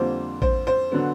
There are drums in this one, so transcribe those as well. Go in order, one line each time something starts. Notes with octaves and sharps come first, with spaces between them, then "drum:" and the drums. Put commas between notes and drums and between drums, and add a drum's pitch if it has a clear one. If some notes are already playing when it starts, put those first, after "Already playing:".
Already playing: F2 D3 G3 A#3 C5
C5, drum: kick A1
C5
D3 F#3 B3